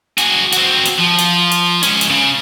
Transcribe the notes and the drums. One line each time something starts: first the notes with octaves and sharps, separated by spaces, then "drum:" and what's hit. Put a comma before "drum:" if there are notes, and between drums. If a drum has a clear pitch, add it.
F#4 G#4, drum: hi-hat
C4 F#4, drum: hi-hat
drum: hi-hat
F3
drum: hi-hat
drum: hi-hat
G#3 C#4, drum: hi-hat
drum: hi-hat
C#3